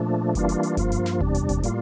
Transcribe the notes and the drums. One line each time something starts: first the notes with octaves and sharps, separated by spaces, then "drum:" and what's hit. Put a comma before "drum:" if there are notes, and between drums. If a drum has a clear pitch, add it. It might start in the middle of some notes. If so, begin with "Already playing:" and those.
Already playing: A#2 F3 A3 D4
E3 G3 A#3 D4 F4, drum: kick F#1, hi-hat
drum: hi-hat
drum: hi-hat
G2 F3 A#3 F4, drum: kick F#1, hi-hat
drum: hi-hat
drum: snare
E2 C3 G3 D4, drum: kick F#1
drum: hi-hat
drum: kick F#1, hi-hat
A2 G3 A#3 F4, drum: hi-hat